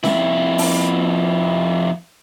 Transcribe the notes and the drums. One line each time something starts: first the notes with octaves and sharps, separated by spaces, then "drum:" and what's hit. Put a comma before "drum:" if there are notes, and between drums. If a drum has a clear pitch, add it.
F2 E4, drum: snare C#4
drum: open hi-hat